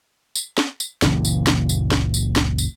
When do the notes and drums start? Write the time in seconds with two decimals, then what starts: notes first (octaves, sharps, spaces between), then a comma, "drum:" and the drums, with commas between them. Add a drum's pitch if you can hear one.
0.35 drum: tambourine
0.58 drum: snare
0.80 drum: tambourine
1.02 F#1 C#2 A#2 E3, drum: snare
1.25 drum: tambourine
1.47 drum: snare
1.69 drum: tambourine
1.92 drum: snare
2.14 drum: tambourine
2.36 drum: snare
2.58 drum: tambourine